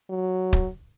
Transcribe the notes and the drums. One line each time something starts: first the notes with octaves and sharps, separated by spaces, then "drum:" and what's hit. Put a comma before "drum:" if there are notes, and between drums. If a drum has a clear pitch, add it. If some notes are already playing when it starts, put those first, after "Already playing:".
F#3
drum: kick